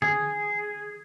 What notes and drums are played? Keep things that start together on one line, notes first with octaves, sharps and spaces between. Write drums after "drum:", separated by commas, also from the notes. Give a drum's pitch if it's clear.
G#4, drum: tom D3